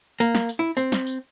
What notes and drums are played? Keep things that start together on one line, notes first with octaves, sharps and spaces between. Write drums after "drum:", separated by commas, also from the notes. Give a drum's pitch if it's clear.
A#3, drum: tambourine
drum: snare
drum: tambourine
E4
C4, drum: tambourine
drum: snare
drum: tambourine